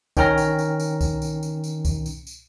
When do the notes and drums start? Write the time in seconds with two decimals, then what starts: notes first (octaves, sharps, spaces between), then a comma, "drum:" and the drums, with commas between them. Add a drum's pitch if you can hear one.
0.17 D#3 C#4 G5 A#5 F6 A#6, drum: kick C2, tambourine
0.38 drum: tambourine
0.59 drum: tambourine
0.80 drum: tambourine
1.01 drum: kick C2, tambourine
1.22 drum: tambourine
1.43 drum: tambourine
1.64 drum: tambourine
1.85 drum: kick C2, tambourine
2.06 drum: tambourine
2.27 drum: tambourine